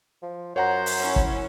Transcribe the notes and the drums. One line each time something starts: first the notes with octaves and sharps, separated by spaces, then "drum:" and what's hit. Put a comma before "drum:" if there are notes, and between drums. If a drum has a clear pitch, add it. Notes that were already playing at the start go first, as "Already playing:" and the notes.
F3
F#2 C5 C#5 F#5 A#5
drum: open hi-hat
C#4 E4
drum: kick